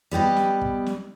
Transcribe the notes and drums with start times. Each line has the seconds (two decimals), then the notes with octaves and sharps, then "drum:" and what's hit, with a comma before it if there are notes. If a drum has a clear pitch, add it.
0.11 G3 B3 G4 D#5
0.36 drum: snare
0.61 drum: kick
0.86 drum: snare